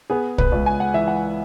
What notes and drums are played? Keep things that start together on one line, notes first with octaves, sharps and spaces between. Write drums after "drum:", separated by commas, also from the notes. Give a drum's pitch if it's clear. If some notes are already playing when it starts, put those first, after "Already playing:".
B3 G#4
B4, drum: kick
C#2
G#5
F#5
E3 E5
F#5